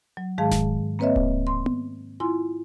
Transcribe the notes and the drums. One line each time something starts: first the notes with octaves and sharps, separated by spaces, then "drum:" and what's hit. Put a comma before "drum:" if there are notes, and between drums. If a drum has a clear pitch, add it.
F#3
G#2 D#3 G#3 G#4 F5 A5
drum: snare D#1
A#3 C4 B4 C#5 D#5 E5
drum: kick D1
C6
drum: tom B3
E4 F4 G#5 C6